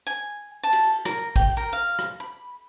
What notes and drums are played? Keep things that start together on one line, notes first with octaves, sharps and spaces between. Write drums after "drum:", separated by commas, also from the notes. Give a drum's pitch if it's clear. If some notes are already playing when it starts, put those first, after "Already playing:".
G#5
A5
drum: cymbal
A#4, drum: rim click
G5, drum: kick, cymbal
A#4
F5
drum: rim click
B5